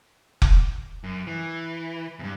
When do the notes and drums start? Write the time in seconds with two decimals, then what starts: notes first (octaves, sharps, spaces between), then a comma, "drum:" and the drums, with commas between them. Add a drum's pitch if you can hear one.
0.42 drum: kick F1
1.04 F#2
1.27 E3
2.19 E2 G2